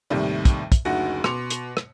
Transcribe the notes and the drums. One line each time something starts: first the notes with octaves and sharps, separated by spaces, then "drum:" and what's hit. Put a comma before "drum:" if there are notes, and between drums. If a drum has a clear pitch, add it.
D#2 A2 C3 D#3 G3
drum: kick, hi-hat
drum: kick, hi-hat
F#1 D2 D#4 F#4 F#5 A#6
B2 C6 D6 C#7 F7, drum: rim click
drum: hi-hat
drum: rim click